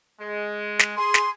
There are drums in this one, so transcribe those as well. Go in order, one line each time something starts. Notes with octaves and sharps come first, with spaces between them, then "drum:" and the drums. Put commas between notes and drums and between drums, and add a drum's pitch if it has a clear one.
G#3
drum: snare
G#4 C6
drum: snare